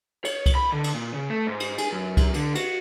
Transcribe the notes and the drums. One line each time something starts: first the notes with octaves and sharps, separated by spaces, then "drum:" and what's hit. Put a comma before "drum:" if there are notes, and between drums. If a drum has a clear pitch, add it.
C#5, drum: cymbal
drum: kick C2, cymbal
B5
D3
drum: cymbal
A#2
C#3
A3
G#2
drum: cymbal
G#4, drum: cymbal
F#2
drum: kick C2, cymbal
D3, drum: cymbal
F#4, drum: cymbal